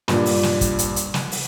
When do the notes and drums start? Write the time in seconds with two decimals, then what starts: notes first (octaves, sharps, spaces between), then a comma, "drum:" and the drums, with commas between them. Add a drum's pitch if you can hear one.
0.08 G2 A#2, drum: snare
0.26 drum: open hi-hat
0.43 drum: snare
0.61 drum: kick, hi-hat
0.79 drum: hi-hat
0.96 drum: hi-hat
1.14 drum: snare
1.32 drum: open hi-hat